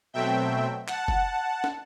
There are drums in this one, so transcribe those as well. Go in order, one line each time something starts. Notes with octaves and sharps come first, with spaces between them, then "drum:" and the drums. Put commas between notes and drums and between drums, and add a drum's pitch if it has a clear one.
B2 F#3 A3 C4 E5 G5
F#5 A5, drum: clap
drum: kick F#1
drum: snare